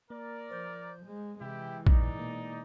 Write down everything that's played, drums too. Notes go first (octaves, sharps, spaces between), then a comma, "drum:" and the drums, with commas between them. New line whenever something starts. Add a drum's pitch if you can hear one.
A#3 A#4 D5
F3 C5 G6
G#3
C3 E3 G#3 E4 G4 G5
A#2 D#4 D5, drum: kick
B2 A#3